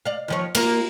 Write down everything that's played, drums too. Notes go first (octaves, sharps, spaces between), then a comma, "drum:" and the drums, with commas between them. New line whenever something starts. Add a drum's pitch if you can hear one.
D5 F5
D#2 F3 C#5
A#3 F4 A#4, drum: cymbal